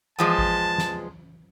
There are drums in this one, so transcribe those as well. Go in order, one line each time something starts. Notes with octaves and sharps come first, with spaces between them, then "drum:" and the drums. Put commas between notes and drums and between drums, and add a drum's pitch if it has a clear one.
E2 F3 G#3 A5
drum: kick A1
drum: snare